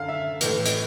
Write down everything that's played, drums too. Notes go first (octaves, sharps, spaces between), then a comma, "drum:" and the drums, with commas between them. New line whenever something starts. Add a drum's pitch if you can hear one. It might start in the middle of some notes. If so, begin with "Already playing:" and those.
Already playing: F#2 D3 F5
E5
A2 E3, drum: hi-hat
drum: hi-hat